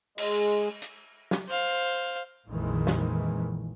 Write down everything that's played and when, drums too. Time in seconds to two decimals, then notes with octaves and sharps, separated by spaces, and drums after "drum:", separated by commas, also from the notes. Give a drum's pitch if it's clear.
0.18 G#3, drum: cymbal
0.82 drum: hi-hat
1.31 drum: snare
1.48 C5 F5
2.49 A#1 F2 A#2 D#3 E3 G#3
2.87 drum: snare